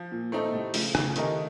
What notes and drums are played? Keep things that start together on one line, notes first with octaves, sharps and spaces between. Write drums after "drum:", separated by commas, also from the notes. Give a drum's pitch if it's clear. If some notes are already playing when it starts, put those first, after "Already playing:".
Already playing: F3
A#2
A#2 A3 C4 D#4 A4
A2 C3
C#3 F3 A3, drum: open hi-hat
C#3 F3, drum: rim click
C3 D#3 A3 D#4 A#4 D#5, drum: hi-hat